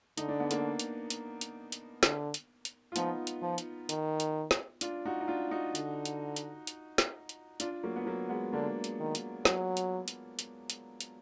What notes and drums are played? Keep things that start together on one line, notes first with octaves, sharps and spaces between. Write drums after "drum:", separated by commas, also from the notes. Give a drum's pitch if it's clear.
D3 D#4, drum: hi-hat
D4
B3
A#3 D4, drum: hi-hat
drum: hi-hat
drum: hi-hat
drum: hi-hat
drum: hi-hat
D3, drum: snare
drum: hi-hat
drum: hi-hat
F4
F3 B3 D#4, drum: hi-hat
drum: hi-hat
F3
drum: hi-hat
D#3, drum: hi-hat
drum: hi-hat
drum: snare
D4 F4, drum: hi-hat
D#4 F#4
D#4
D4 F4
D#4 F#4
D3, drum: hi-hat
drum: hi-hat
drum: hi-hat
drum: hi-hat
drum: snare
drum: hi-hat
D4 F4, drum: hi-hat
F#3 A#3
B3
F#3 A#3
G#3 B3
D3 A#3 D4
drum: hi-hat
D#3
drum: hi-hat
F#3, drum: snare
drum: hi-hat
drum: hi-hat
drum: hi-hat
drum: hi-hat
drum: hi-hat